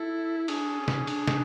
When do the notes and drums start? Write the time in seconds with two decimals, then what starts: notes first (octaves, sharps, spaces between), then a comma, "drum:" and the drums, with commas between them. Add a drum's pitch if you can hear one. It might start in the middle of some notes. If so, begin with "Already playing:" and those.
Already playing: E4 A4
0.48 D4 G#4, drum: cymbal
0.78 C#4
0.88 drum: snare
1.07 D4, drum: cymbal
1.27 drum: snare